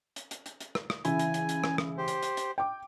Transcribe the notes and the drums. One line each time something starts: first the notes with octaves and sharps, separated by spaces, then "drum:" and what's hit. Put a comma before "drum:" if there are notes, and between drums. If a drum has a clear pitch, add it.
drum: hi-hat
drum: hi-hat
drum: hi-hat
drum: hi-hat
drum: rim click
drum: rim click
C#3 E3 E4 G#5, drum: hi-hat
drum: hi-hat
drum: hi-hat
drum: hi-hat
drum: rim click
drum: rim click
G4 C5
drum: hi-hat
drum: hi-hat
drum: hi-hat
G5 D6